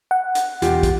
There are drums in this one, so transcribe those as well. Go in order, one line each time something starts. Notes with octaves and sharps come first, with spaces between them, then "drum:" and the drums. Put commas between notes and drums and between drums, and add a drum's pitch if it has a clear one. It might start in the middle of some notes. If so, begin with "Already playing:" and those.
F#5
drum: hi-hat
E2 F4 G4, drum: hi-hat
drum: kick, hi-hat